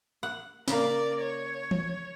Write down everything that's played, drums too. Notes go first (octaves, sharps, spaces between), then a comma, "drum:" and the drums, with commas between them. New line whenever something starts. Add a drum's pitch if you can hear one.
F#5
C#3 A#3 A#4 D5, drum: snare
C#5
drum: tom E3